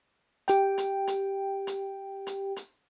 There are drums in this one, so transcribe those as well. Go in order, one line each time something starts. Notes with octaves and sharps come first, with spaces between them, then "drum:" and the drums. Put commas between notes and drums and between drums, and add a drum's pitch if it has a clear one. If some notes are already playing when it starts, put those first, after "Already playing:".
G4 G5, drum: hi-hat
drum: hi-hat
drum: hi-hat
drum: hi-hat
drum: hi-hat
drum: hi-hat